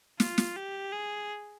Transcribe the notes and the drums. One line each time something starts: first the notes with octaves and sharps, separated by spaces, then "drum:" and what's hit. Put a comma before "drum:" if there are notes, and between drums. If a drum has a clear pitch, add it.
F4, drum: snare
drum: snare
G4
G#4